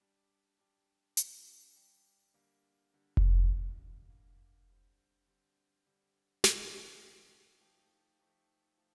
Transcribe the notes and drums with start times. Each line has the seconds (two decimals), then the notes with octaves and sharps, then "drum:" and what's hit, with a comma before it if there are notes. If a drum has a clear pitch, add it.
0.01 G3 D4 G4
0.59 G3 D4 G4
1.17 G3 D4 G4, drum: hi-hat
1.76 G3 D4 G4
2.34 D3 G3 A#3
2.93 D3 G3 A#3
3.17 drum: kick F1
3.51 D3 G3 A#3
4.10 D3 G3 A#3
4.68 D3 G3 C4
5.27 D3 G3 C4
5.86 D3 G3 C4
6.44 D3 G3 C4, drum: snare
7.03 F3 A3 D#4 G4
7.61 F3 A3 D#4 G4
8.19 F3 A3 D#4 G4
8.78 F3 A3